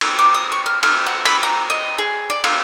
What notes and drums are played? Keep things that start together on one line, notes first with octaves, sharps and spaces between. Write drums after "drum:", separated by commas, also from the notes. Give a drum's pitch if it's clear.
drum: cymbal
D6
D#6
C#6
F6
F6, drum: cymbal
F#5
B5, drum: cymbal
A#5
D#5
G#4
D5
F4, drum: cymbal